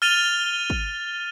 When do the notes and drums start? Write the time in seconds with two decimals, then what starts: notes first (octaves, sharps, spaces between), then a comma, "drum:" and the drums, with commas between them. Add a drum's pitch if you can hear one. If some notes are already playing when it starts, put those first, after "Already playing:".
0.02 F6 A6 D#7 F7 G7
0.70 drum: kick